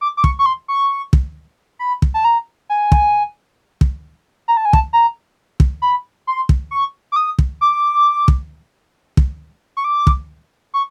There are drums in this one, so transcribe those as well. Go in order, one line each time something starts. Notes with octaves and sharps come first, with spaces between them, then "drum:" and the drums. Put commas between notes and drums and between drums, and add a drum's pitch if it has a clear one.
D6
D6
C#6, drum: kick
C#6
C6
C#6
drum: kick
B5
drum: kick
A5
A#5
G#5
drum: kick
drum: kick
A#5
A5
G#5
A5, drum: kick
A#5
drum: kick
B5
C6
drum: kick
C#6
D6
D#6
drum: kick
D6
drum: kick
drum: kick
C#6
D6
drum: kick
C#6